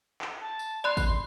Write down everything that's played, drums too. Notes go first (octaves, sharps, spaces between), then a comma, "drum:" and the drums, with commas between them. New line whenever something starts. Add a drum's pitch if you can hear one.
drum: clap
A5
drum: tambourine
D5 B5 C6 F#6
drum: kick G#1, tambourine